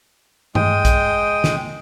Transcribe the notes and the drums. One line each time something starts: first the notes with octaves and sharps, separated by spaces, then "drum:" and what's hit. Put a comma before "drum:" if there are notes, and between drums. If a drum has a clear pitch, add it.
G#3 G5 D#6, drum: tom G2
drum: kick A#1, hi-hat
drum: snare